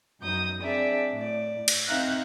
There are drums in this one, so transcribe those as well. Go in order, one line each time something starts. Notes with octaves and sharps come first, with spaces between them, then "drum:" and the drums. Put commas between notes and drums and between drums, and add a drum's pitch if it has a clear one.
F#2 F#3 D#4 D#6 G6
C4 D4 G#4 D5 E5
A2 D5
drum: cymbal
C4 D#4 E5 F5 F#6 A#6